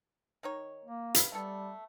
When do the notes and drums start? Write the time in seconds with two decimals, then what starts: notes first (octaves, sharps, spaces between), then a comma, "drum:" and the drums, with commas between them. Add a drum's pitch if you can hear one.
0.43 D#3 D#4 C#5
0.85 A#3
1.14 B4 F5 B5, drum: hi-hat
1.32 G3 A3 B3 A4